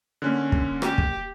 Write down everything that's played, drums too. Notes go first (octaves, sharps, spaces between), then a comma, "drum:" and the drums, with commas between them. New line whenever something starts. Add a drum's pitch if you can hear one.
D3 A#3 C#4 F#6
drum: kick
G4, drum: rim click
drum: kick